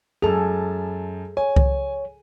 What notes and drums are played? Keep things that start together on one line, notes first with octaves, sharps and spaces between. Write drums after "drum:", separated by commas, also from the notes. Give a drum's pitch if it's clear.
F#2 G#4 A4 A5 F7
C#5 G#5
drum: kick C2